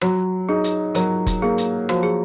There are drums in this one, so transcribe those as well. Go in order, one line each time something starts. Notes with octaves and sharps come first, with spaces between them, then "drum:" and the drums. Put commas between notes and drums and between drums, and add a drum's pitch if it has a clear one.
F#3 F#4, drum: rim click
D#4 G#4
drum: hi-hat
F#3 A#4, drum: hi-hat
drum: kick F1, hi-hat
A#3 G#4
drum: hi-hat
F3 F#4, drum: rim click
G#4